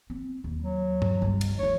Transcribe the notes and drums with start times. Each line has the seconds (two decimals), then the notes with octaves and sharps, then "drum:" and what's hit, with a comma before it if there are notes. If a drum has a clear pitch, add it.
0.10 C4
0.44 D#2
0.63 F#3
1.02 drum: tom G2
1.22 G1 C2
1.41 drum: cymbal
1.59 D2 E3 C#5